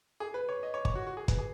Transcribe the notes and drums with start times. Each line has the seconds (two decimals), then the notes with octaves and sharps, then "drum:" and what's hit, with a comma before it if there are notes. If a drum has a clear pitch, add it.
0.20 G#4
0.34 B4
0.49 C#5
0.63 D#5
0.74 C#5
0.85 C#5, drum: kick
0.95 F#4
1.07 F#4
1.17 G#4
1.28 B4, drum: kick, hi-hat
1.39 G#4